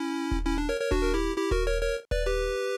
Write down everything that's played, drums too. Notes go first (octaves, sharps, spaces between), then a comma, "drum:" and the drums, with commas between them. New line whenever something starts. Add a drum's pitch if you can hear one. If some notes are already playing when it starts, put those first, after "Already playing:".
Already playing: C#4 E4
drum: kick D#1
C#4 E4
D4
A#4 C#5
A#4 C#5
D4 F#4, drum: kick D#1
A#4
E4 G4
E4 G4
F#4 A#4, drum: kick D#1
A#4 C#5
A#4 C#5
B4 D5, drum: kick D#1
G4 B4